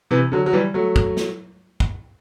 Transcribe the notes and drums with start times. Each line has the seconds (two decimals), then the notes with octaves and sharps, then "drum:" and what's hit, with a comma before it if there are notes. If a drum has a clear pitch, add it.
0.11 C3 E3
0.32 D3 F#3
0.46 F#3
0.53 E3 G3
0.74 F#3 A3
0.96 drum: kick
1.17 drum: snare
1.80 drum: kick